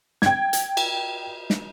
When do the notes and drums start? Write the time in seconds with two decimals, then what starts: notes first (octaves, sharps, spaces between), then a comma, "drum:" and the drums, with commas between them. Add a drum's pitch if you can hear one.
0.22 G5 G#6, drum: snare
0.53 drum: hi-hat
0.77 drum: cymbal
1.50 drum: snare